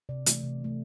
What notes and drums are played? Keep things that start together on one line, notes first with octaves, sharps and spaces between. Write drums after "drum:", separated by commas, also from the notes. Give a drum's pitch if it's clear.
C3 D5
E3 A3, drum: hi-hat
C3
E3 A3